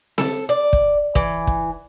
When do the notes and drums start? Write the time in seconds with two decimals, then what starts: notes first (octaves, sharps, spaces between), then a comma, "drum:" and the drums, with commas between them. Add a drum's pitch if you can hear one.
0.18 A4, drum: snare C4
0.49 D5
0.73 drum: kick
1.15 E3, drum: kick
1.47 drum: kick